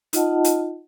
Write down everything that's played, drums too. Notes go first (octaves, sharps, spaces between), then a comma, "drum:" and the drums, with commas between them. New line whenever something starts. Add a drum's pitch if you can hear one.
D#4 F4 D#5 F#5 A5, drum: hi-hat
drum: hi-hat